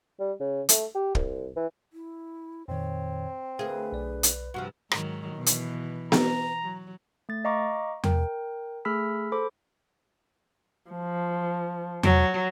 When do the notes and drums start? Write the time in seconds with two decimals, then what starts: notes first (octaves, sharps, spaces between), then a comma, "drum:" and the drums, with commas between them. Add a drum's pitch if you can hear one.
0.20 G3
0.40 C#3
0.69 A3, drum: hi-hat
0.95 G4
1.15 C2, drum: kick
1.56 E3
1.93 E4
2.68 F2 A#2 D#3 C4 C#5
3.59 D2 G#4 A#4 B4 E5 F5
3.92 B1 D5
4.23 drum: hi-hat
4.54 G2 C3 F3 F#4
4.91 G#2 D#3 F#3, drum: rim click
5.35 B2 E3
5.46 drum: hi-hat
6.12 A#5, drum: snare B3
6.63 F#3
7.29 A3 A6
7.45 D#5 F5 A#5 C#6 D6
8.04 A#4 G5, drum: tom E2
8.85 A3 G#4 B5 E6 F6 B6
9.32 A4 C5 B5 D6
10.91 F3
12.03 F#3, drum: tom E2